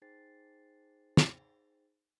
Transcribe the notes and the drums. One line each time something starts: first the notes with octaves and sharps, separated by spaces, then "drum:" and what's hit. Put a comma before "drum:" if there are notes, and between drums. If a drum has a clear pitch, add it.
D#4 G#4 C5 G5 A6 C7
drum: snare